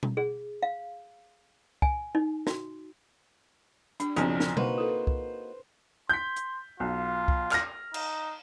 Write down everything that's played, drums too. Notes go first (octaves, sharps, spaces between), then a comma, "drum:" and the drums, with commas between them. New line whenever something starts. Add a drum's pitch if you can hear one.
drum: tom B2
G#4
F5
G#5, drum: kick
D#4
F#4, drum: snare
G3 D4, drum: hi-hat
F#1 B1 F3 C4 D4 E4, drum: hi-hat
drum: snare
A#3 D#4 F#4 B4 C5, drum: tom B2
E4 A4
drum: kick
C6 G6 B6
drum: hi-hat
B1 F4
drum: kick
F6 A#6, drum: clap
D#4, drum: cymbal